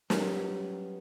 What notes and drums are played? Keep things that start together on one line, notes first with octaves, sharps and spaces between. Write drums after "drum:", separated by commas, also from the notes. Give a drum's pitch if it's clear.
F#3 G3 B3 C#4 F4 G4, drum: snare